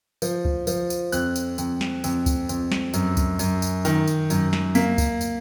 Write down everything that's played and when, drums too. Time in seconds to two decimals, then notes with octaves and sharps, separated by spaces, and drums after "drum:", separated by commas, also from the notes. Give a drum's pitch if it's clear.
0.22 F3, drum: tambourine
0.45 drum: kick C#2
0.67 F3, drum: tambourine
0.90 drum: tambourine
1.12 F2 F#6, drum: tambourine
1.36 drum: tambourine
1.58 F2, drum: tambourine
1.81 drum: snare
2.04 F2, drum: tambourine
2.26 drum: kick C#2, tambourine
2.49 F2, drum: tambourine
2.72 drum: snare
2.94 F#2, drum: tambourine
3.17 drum: kick C#2, tambourine
3.39 F#2, drum: tambourine
3.62 drum: tambourine
3.85 D#3, drum: tambourine
4.08 drum: tambourine
4.30 F#2, drum: tambourine
4.53 drum: snare
4.75 A#3 B6, drum: tambourine
4.98 drum: kick C#2, tambourine
5.21 drum: tambourine